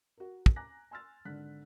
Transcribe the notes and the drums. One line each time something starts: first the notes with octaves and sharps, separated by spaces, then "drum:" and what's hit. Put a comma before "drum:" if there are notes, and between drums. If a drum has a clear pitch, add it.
F#4 A#4
drum: kick
G#5 A#5 D6 F#6 A#6
G#5 C6 E6 F6 A6
G#1 D3 F#6 B6